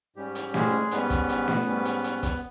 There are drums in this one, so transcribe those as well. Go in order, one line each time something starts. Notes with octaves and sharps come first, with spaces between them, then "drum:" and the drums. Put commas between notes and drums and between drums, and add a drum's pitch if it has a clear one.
G#2 G3 C#4 G4
drum: hi-hat
G#3 G#4, drum: snare
G#2 G3 B3 C#4 B4, drum: hi-hat
drum: kick, hi-hat
drum: hi-hat
drum: snare
G#2 G3 C#4
drum: hi-hat
drum: hi-hat
drum: kick, hi-hat